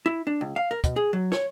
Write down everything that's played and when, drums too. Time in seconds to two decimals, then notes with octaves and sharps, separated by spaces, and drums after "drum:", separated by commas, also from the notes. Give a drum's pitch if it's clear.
0.06 E4
0.27 D4
0.41 C#2
0.56 F5
0.71 A#4
0.84 B2, drum: kick, hi-hat
0.96 G#4
1.13 F#3
1.32 C#5, drum: snare